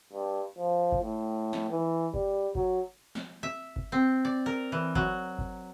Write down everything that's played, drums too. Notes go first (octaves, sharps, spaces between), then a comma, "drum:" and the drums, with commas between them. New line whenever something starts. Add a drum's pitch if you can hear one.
G2
F3
drum: kick G1
A2
drum: snare
E3
G3, drum: kick G1
F#3, drum: kick G1
drum: snare
E5
drum: kick G1
C4
D5
A#4
E3
F#3, drum: kick G1
drum: kick G1